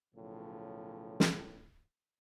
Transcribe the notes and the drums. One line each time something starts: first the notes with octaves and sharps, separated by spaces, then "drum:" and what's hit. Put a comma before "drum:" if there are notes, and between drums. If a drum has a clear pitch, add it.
B1 A2 C#3 F3
drum: snare